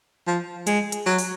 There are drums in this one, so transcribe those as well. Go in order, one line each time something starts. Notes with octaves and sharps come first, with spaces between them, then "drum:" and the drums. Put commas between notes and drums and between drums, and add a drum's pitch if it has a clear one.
F3
G#3, drum: hi-hat
drum: hi-hat
F#3
drum: open hi-hat